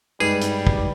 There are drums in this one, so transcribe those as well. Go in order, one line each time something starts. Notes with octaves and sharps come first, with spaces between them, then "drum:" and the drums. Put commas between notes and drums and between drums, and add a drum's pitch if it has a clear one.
G2 G3 G#3 D#4 G#4 B4, drum: tambourine
drum: hi-hat
drum: kick